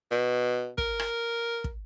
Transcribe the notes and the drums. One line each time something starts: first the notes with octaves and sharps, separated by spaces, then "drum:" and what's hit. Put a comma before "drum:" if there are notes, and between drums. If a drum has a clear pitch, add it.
B2
A#4, drum: kick
drum: rim click
drum: kick